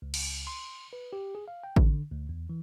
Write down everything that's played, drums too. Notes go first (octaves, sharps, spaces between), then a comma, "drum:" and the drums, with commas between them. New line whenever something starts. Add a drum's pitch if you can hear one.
C#2
drum: cymbal
C6
B4
G4
G#4
F5
G5
D3, drum: kick A1
D2
E2
E3